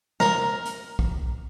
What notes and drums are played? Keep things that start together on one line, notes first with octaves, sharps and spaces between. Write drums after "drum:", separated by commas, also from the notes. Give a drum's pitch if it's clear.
A#4, drum: snare
drum: hi-hat
drum: kick